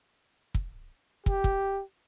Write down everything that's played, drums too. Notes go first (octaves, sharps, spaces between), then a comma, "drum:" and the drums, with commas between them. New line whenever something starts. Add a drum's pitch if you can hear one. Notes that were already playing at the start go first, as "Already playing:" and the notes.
drum: kick
G4, drum: kick
drum: kick